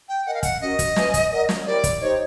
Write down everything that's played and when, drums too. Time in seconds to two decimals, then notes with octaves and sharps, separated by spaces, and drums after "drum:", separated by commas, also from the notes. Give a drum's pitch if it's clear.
0.09 G5
0.26 A#4 D#5 F#5 G#5
0.34 F5
0.43 F#5, drum: kick, hi-hat
0.61 C#4 F#4 A#4 D#5
0.79 drum: kick, hi-hat
0.96 B4 E5 G#5, drum: snare
1.14 drum: kick, hi-hat
1.31 A#4 D5 F#5
1.49 drum: snare
1.66 E4 G4 A#4 C#5 D5
1.84 drum: kick, hi-hat
2.01 D#4 G4 C5 C#5 D#5